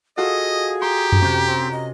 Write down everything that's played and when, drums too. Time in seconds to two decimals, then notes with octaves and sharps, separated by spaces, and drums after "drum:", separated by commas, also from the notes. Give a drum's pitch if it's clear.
0.17 F4 F#4 G#4 A4 D#5
0.82 G4 A#5 C6
1.12 drum: tom F#2
1.22 C3 C#4 C5
1.45 C4
1.71 D#5